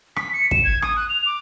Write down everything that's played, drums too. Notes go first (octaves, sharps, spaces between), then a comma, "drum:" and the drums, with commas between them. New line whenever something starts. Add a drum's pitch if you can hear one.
B6, drum: rim click
C#7
E7, drum: kick
G#6
D#6, drum: rim click
F#6
F7
D6